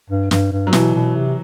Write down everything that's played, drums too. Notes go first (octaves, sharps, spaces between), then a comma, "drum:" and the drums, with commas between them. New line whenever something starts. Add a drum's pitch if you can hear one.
G2
G2, drum: snare
G2
F#3
B2 E3, drum: snare
B2
C3